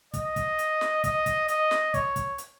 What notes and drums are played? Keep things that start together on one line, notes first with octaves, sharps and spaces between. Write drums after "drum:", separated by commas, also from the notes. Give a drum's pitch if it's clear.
D#5, drum: kick, hi-hat
drum: kick, hi-hat
drum: hi-hat
drum: snare
D#5, drum: kick, hi-hat
drum: kick, hi-hat
D#5, drum: hi-hat
drum: snare
C#5, drum: kick, hi-hat
drum: kick, hi-hat
drum: hi-hat